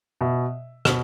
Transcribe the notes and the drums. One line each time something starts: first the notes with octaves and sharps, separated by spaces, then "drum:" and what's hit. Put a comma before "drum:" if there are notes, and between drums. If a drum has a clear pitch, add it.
B2 E5
B2, drum: rim click